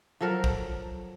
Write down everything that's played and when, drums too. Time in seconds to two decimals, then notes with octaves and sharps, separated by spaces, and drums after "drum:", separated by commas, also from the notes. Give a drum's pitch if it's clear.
0.21 F3 F#3 A4 A#4
0.44 drum: kick